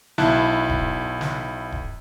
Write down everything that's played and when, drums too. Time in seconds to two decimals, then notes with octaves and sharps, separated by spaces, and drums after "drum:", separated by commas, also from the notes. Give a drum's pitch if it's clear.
0.18 B1 E4 A5 F#6, drum: snare
0.69 drum: kick D#1
1.21 drum: snare
1.72 drum: kick D#1